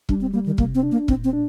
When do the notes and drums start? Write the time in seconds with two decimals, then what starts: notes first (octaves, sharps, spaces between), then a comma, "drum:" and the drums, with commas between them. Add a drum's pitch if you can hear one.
0.09 G3 D4, drum: kick
0.21 C4
0.34 G3 A#3
0.46 D#3
0.58 C3 A#3, drum: kick
0.75 C4
0.83 D4
0.91 A#3
1.08 A#2 C4, drum: kick
1.24 C4
1.33 D4